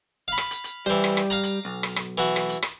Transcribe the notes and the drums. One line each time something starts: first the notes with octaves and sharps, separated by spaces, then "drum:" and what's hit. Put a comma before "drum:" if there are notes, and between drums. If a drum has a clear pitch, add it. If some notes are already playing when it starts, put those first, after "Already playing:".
F5 B5
drum: rim click
drum: hi-hat
drum: hi-hat
E3 G3 C5
drum: rim click
drum: rim click
F5 A#5, drum: hi-hat
drum: hi-hat
B1
drum: rim click
drum: rim click
E3 F#4
drum: rim click
drum: hi-hat
drum: rim click